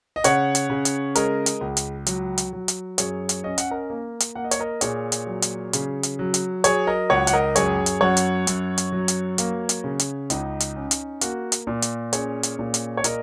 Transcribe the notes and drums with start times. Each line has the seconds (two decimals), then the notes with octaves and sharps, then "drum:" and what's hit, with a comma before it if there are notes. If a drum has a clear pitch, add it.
0.16 D#5
0.24 C#3 C#5 F#5, drum: hi-hat
0.55 drum: hi-hat
0.70 C#3
0.85 drum: hi-hat
1.15 G#3 A#4 D#5, drum: hi-hat
1.46 drum: hi-hat
1.61 C#2
1.77 drum: hi-hat
2.06 F#3, drum: hi-hat
2.38 drum: hi-hat
2.53 F#3
2.68 drum: hi-hat
2.98 F#2 G#4 C#5, drum: hi-hat
3.29 drum: hi-hat
3.44 C#4 D#5
3.58 F#5, drum: hi-hat
3.70 A#4 D#5
3.90 A#3
4.20 drum: hi-hat
4.35 A#3 F#5
4.44 D#5
4.51 C#5, drum: hi-hat
4.59 A#4 D#5
4.81 A#2 G#4 C#5, drum: hi-hat
5.12 drum: hi-hat
5.27 F#3
5.42 drum: hi-hat
5.73 C#3, drum: hi-hat
6.03 drum: hi-hat
6.19 F#3
6.34 drum: hi-hat
6.64 F#3 G#4 C#5, drum: hi-hat
6.87 A#4 D#5
7.10 C#2 C#5 F#5
7.27 F#5, drum: hi-hat
7.33 A#4 D#5
7.56 F#2 G#4 C#5, drum: hi-hat
7.86 drum: hi-hat
8.01 F#2 C#5 F#5
8.17 drum: hi-hat
8.47 F#2, drum: hi-hat
8.78 drum: hi-hat
8.92 F#3
9.08 drum: hi-hat
9.38 A#3, drum: hi-hat
9.69 drum: hi-hat
9.84 C#3
9.99 drum: hi-hat
10.30 C#2 D#4, drum: hi-hat
10.60 drum: hi-hat
10.76 C#4
10.91 drum: hi-hat
11.21 A#3 F#4, drum: hi-hat
11.52 drum: hi-hat
11.67 A#2
11.82 drum: hi-hat
12.13 C#4 G#4 C#5, drum: hi-hat
12.43 drum: hi-hat
12.59 A#2
12.74 drum: hi-hat
12.97 C#5
13.04 A#2 A#4 D#5, drum: hi-hat